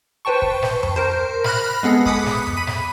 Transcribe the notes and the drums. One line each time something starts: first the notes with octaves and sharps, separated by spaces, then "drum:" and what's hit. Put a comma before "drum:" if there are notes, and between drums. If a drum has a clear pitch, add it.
B4 C5 G5 A5 C#6
drum: kick
drum: snare
drum: tom F2
A#4 C5
B5 F6 F#6 A#6, drum: snare
G#3 B3 G#4 A4
B5 D6 D#6 F#6 B6 C#7, drum: kick
drum: snare
drum: tom F2
B5 B6 D#7
drum: snare